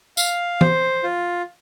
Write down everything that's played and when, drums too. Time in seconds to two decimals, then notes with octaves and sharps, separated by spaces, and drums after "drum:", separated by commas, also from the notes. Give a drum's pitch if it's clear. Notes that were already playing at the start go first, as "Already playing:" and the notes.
0.17 F5, drum: tambourine
0.61 C5, drum: tom
1.03 F4